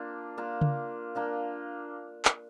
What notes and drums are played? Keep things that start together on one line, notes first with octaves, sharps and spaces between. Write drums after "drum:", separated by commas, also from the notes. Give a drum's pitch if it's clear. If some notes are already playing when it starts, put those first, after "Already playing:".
Already playing: A#3 D4 F4
A#3 D4 F4
drum: tom C#3
A#3 D4 F4
drum: clap